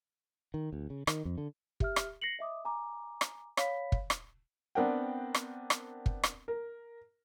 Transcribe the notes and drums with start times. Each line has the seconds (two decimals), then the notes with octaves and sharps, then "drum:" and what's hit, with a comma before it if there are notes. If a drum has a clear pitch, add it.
0.54 D#3
0.73 D2
0.90 C#3
1.07 D#3, drum: rim click
1.25 F2
1.38 D3
1.80 G4 E5 F6, drum: kick
1.96 drum: rim click
2.22 A#6 C7 C#7 F#7
2.39 D#5 E5 D6 D#6
2.65 G#5 A#5 D6
3.21 drum: rim click
3.57 C#5 F5 B5 B6, drum: rim click
3.92 drum: kick
4.10 drum: rim click
4.75 B3 C4 D4 A#4 F#5 G5
5.34 drum: rim click
5.70 drum: rim click
6.06 drum: kick
6.23 drum: rim click
6.48 A#4